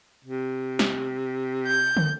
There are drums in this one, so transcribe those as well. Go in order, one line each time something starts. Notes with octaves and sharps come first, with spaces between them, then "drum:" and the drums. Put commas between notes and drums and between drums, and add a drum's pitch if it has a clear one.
C3
drum: snare
G6
drum: tom D3